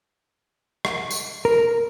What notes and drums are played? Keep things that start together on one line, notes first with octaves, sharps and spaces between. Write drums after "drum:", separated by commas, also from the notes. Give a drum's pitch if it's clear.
drum: rim click
drum: tambourine
A#4